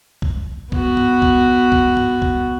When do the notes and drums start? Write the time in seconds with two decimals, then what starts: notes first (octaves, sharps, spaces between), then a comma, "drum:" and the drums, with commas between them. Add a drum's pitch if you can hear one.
0.22 drum: kick B1
0.72 B3 F#4, drum: kick B1
0.97 drum: tom
1.22 drum: kick B1
1.72 drum: kick B1
1.97 drum: tom
2.22 drum: kick B1